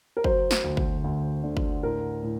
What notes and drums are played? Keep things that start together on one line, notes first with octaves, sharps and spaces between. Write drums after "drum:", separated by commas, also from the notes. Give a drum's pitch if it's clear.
A#4
F#3 C5, drum: kick G1
drum: snare
D2
drum: kick G1
D2
D3
drum: kick G1
A2 A#4
A2